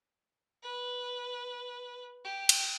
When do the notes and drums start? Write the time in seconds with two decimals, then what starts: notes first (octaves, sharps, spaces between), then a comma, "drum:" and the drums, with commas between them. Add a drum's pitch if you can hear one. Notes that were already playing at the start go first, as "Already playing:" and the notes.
0.63 B4
2.24 G4
2.49 drum: cymbal